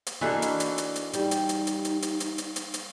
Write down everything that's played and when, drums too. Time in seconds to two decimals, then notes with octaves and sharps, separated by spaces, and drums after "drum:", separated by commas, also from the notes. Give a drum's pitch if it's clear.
0.06 drum: hi-hat
0.21 E3 A#3 D4 D#4 F#4 A4
0.42 drum: hi-hat
0.60 drum: hi-hat
0.78 drum: hi-hat
0.96 drum: hi-hat
1.13 G3 D#4, drum: hi-hat
1.31 drum: hi-hat
1.49 drum: hi-hat
1.67 drum: hi-hat
1.85 drum: hi-hat
2.02 drum: hi-hat
2.20 drum: hi-hat
2.38 drum: hi-hat
2.56 drum: hi-hat
2.74 drum: hi-hat